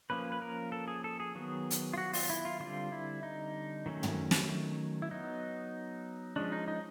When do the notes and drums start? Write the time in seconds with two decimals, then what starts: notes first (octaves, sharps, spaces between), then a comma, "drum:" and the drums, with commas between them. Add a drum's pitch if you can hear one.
0.10 F3 A#3 C#4 B4
0.32 B4
0.42 A#4
0.72 A4
0.88 G#4
1.04 A4
1.20 G#4
1.35 D#3 F#3 B3
1.71 drum: hi-hat
1.93 F4
1.98 F#4
2.13 F4, drum: open hi-hat
2.30 E4
2.45 F4
2.60 D3 G3 C4 F4
2.92 E4
3.23 D#4
3.86 D#3 F#3 A3 C#4
4.03 drum: tom
4.31 drum: snare
5.02 E4
5.11 F#3 B3 D#4
6.36 F3 G#3 C#4 D4
6.52 D#4
6.68 D#4